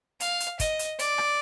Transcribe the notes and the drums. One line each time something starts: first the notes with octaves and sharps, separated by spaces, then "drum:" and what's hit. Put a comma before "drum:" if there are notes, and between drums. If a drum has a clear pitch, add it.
F5, drum: hi-hat
drum: hi-hat
D#5, drum: kick, hi-hat
drum: hi-hat
D5, drum: hi-hat
drum: rim click